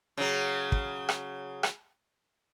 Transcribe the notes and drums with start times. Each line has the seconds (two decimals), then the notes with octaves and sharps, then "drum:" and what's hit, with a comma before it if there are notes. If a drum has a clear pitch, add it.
0.17 C#3 F#3
0.72 drum: kick
1.09 drum: rim click
1.63 drum: rim click